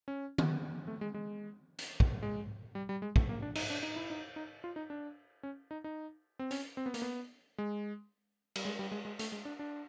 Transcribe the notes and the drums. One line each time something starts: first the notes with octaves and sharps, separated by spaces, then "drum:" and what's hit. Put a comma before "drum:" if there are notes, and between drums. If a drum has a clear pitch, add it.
C#4
drum: tom D#3
A3
G#3
G#3
drum: hi-hat
drum: kick
G#3
G3
G3
G#3
A3, drum: kick
A#3
D4
D#4, drum: cymbal
D4
D#4
E4
D#4
D#4
F4
D#4
D4
C#4
D#4
D#4
C4
C#4, drum: hi-hat
C4
B3
A#3, drum: hi-hat
B3
G#3
G3, drum: cymbal
G#3
G3
G#3
G#3
A3, drum: hi-hat
G#3
D4
D4